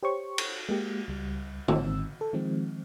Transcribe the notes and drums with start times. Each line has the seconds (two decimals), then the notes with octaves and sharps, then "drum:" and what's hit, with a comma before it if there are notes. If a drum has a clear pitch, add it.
0.03 G4 C5 C#5 C#6
0.38 drum: cymbal
0.69 G#3 A#3 G4
1.08 C#2 G3
1.68 G#1 G#2 D#3 C4 E6, drum: tom
2.21 A4
2.33 D#3 F3 G#3 C4